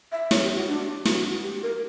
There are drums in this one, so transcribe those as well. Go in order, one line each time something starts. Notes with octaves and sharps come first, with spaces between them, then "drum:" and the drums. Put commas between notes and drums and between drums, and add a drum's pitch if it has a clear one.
E5
C#5, drum: snare
G4
F#4
D4
F#4, drum: snare
G4
A#4